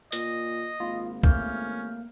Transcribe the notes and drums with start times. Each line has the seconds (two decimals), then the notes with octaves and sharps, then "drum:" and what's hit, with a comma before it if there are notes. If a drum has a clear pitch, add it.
0.12 A#2 D#5, drum: hi-hat
0.80 G#1 A#3 F4
1.23 A3 A#3 C#4 F6 G6, drum: kick B1